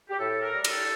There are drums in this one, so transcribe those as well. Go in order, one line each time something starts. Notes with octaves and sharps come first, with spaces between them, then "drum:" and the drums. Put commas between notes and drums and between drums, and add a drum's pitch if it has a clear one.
G4
A2 A4
A#4
G3
A4, drum: cymbal